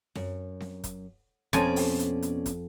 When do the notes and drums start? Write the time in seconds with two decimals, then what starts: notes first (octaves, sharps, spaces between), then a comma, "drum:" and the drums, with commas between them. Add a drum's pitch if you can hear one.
0.15 F#2, drum: snare C4
0.60 drum: snare C4
0.84 drum: kick, hi-hat
1.53 F2 B2 C#4 D5 G#5, drum: kick, hi-hat
1.76 drum: open hi-hat
1.99 drum: hi-hat
2.22 drum: hi-hat
2.46 drum: kick, hi-hat